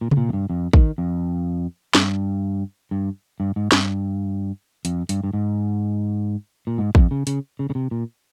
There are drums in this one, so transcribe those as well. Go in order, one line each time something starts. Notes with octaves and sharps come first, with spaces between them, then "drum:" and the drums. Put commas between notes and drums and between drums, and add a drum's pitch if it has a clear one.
A#2
C3, drum: tom C3
A#2
F2
G2
F2
D#3, drum: kick
F2
G2, drum: snare
G2
G2
G#2
G2, drum: snare
F2, drum: hi-hat
G2, drum: hi-hat
G2
G#2
A#2
G#2
F2, drum: kick
C#3
C#3, drum: hi-hat
C#3
C#3
C3
A#2